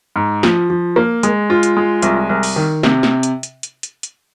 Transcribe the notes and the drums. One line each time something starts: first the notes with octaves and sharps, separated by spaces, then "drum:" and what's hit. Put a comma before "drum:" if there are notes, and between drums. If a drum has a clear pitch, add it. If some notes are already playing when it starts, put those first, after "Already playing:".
G#2
F3, drum: snare
F3
A#3
G#3, drum: hi-hat
F4
drum: hi-hat
G#3
C2, drum: hi-hat
C2
drum: open hi-hat
D#3
C3, drum: snare
drum: snare
drum: hi-hat
drum: hi-hat
drum: hi-hat
drum: hi-hat
drum: hi-hat